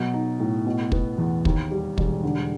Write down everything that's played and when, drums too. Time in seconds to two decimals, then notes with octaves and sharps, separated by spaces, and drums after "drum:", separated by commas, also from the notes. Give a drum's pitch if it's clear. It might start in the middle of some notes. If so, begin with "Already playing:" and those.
Already playing: B2 F#3
0.14 D#4
0.40 A2
0.66 B2
0.92 B3, drum: kick
1.18 E2
1.45 D#2, drum: kick
1.71 G3
1.98 E1, drum: kick
2.23 D3